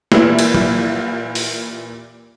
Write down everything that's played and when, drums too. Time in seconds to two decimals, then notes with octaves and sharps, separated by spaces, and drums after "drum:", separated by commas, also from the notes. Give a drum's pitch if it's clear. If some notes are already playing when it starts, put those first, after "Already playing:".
0.12 A#2 E3 G3 A#3 E4, drum: snare
0.39 drum: cymbal
0.55 drum: tom
1.35 drum: open hi-hat